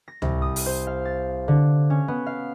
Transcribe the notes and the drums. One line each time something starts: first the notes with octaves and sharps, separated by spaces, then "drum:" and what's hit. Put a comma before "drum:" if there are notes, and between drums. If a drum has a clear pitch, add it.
A#6
C2, drum: tom C#2
D#6
drum: open hi-hat
C5
F5
A6
D3
C#4
B3
F5